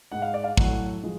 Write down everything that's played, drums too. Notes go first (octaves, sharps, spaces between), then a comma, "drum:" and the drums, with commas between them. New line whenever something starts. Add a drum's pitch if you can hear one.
G#2 G#3 F#5
F5
D5
F5
A2 F#3 A3 F#5, drum: kick
F3 G#3